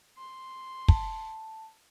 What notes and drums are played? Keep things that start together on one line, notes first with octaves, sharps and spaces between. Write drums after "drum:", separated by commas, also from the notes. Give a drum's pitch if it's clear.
C6
A5, drum: kick